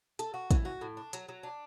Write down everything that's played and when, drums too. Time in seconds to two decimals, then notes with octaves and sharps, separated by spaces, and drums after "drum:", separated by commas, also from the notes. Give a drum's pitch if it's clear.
0.19 A4, drum: hi-hat
0.34 F#4
0.51 E3, drum: kick, hi-hat
0.65 F#4
0.81 A2
0.97 D4
1.13 F#3, drum: hi-hat
1.29 F#3
1.43 D4